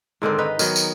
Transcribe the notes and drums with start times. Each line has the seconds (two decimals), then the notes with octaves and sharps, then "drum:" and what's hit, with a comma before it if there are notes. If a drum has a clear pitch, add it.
0.22 G#2 D3 D#3 C4
0.38 D#4 B4
0.59 D#3 F#3 B3, drum: tambourine
0.76 drum: tambourine